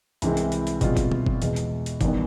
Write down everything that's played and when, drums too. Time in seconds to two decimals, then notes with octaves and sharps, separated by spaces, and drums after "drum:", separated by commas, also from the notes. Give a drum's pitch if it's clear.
0.22 C2 C3 E3 G#3 C4, drum: hi-hat
0.37 drum: hi-hat
0.52 drum: hi-hat
0.67 drum: hi-hat
0.81 B2 G3 C4 F4 G#4, drum: kick, hi-hat
0.97 drum: kick, hi-hat
1.12 drum: tom B2
1.26 drum: kick
1.42 E2 B2 G#3, drum: hi-hat
1.56 drum: hi-hat
1.86 drum: hi-hat
2.01 A1 D#3 G3 B3, drum: kick, hi-hat